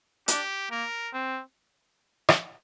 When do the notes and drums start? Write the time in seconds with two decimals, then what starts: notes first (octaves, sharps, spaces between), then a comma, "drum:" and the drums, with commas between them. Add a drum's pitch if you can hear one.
0.28 D4 G4, drum: hi-hat
0.71 A#3 A#4
1.14 C4
2.29 drum: rim click